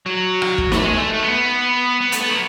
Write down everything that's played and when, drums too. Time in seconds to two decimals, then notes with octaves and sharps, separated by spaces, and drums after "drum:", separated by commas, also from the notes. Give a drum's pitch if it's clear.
0.06 F#3
0.42 drum: rim click
0.58 drum: kick
0.72 A3, drum: snare
0.84 G#3
0.97 A3
1.13 A3
1.23 B3
2.01 B3
2.12 A3, drum: hi-hat
2.20 B3
2.30 F#3